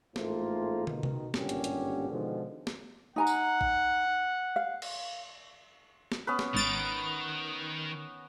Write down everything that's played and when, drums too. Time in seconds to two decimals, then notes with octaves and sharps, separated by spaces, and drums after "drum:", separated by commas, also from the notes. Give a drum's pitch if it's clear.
0.16 A1 G#2 A3 A#3 F4 C5, drum: snare
0.87 B2 D#3, drum: tom
1.03 drum: tom C3
1.34 G#1 G2 A#2 D3 C#4 G4, drum: snare
1.49 drum: hi-hat
1.64 drum: hi-hat
2.11 B2 D3 D#3 F3 G#3
2.67 drum: snare
3.16 D#4 F#5 G#5 A#5
3.27 drum: tambourine
3.61 drum: kick A1
4.56 F5
4.82 drum: cymbal
6.12 drum: snare
6.27 B3 C#4 B4
6.39 drum: snare
6.55 G#1 D#3 A6 D7